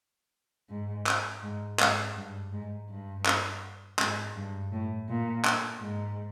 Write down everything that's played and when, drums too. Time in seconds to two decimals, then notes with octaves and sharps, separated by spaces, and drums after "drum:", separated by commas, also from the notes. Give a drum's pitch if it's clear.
0.69 G#2
1.07 drum: clap
1.43 G#2
1.80 G#2, drum: clap
2.17 G2
2.53 G#2
2.89 G2
3.26 drum: clap
3.99 G#2, drum: clap
4.36 G2
4.72 A2
5.09 A#2
5.45 drum: clap
5.81 G#2